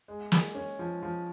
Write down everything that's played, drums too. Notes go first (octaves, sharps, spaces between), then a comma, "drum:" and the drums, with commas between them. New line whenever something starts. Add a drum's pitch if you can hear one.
G#3
G#3, drum: snare
C#4
F3
F3